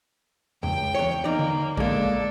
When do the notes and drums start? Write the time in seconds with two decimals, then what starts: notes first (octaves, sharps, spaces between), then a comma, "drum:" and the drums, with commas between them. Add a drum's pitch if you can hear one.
0.63 C#2 G5, drum: tom E2
0.95 E2 C#5
1.24 A#3 D#4 D5
1.39 drum: tom D3
1.77 G#3 A#3 D4 A4, drum: kick